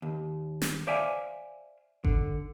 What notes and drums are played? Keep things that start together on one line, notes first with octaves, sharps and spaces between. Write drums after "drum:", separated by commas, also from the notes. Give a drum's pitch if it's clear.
D#2
drum: snare
C5 D5 E5 F5 G#5
D3, drum: kick G1